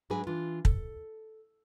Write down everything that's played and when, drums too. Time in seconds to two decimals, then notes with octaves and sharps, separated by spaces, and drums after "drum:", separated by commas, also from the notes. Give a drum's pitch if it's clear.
0.10 G#2 F#3 D4 G#4 B4 G#5
0.27 E3 D4 F4
0.65 A4, drum: kick